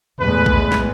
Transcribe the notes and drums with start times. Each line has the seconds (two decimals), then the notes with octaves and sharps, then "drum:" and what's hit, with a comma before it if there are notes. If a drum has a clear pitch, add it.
0.21 E2 A2 G#3 B4
0.46 drum: kick A#1
0.72 drum: snare